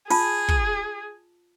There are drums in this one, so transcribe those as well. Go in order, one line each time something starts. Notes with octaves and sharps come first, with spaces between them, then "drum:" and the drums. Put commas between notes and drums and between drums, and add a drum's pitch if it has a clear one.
F4 G#4 A5, drum: open hi-hat
drum: kick